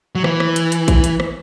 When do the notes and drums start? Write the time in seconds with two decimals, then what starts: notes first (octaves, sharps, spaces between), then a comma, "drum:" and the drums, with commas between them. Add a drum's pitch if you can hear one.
0.15 F#3
0.24 E3, drum: rim click
0.40 drum: rim click
0.56 drum: hi-hat
0.72 drum: hi-hat
0.88 drum: kick A1, hi-hat
1.04 drum: hi-hat
1.20 drum: rim click